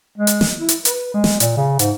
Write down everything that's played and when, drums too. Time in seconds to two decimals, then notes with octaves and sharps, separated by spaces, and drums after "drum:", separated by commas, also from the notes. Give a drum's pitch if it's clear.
0.18 G#3
0.27 drum: hi-hat
0.41 drum: snare
0.59 E4
0.69 drum: hi-hat
0.85 B4, drum: hi-hat
1.14 G#3
1.24 drum: snare
1.40 A#2, drum: hi-hat
1.57 C#3
1.79 G#2, drum: hi-hat